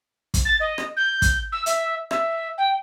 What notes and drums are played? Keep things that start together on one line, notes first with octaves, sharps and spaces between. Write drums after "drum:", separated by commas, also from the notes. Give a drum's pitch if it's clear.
drum: kick, hi-hat
A6
D#5
drum: rim click
G6
drum: kick, hi-hat
E6
E5, drum: hi-hat
E5, drum: rim click
G5